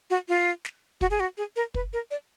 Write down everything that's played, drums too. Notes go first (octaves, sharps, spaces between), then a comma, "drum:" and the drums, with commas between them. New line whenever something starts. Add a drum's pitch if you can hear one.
F#4
F4
drum: snare
F#4, drum: kick
G#4
F#4
G#4
A#4
B4, drum: kick
A#4
D5